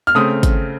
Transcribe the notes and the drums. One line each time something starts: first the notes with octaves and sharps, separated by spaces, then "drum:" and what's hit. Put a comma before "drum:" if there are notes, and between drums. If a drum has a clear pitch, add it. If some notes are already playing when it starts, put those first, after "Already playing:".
F6
C#3 A3 C4 D#6
drum: kick, hi-hat